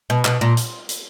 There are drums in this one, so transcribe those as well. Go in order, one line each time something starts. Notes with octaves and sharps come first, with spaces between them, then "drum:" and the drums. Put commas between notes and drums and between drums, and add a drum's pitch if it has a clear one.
B2
B2, drum: clap
A#2
drum: hi-hat
drum: hi-hat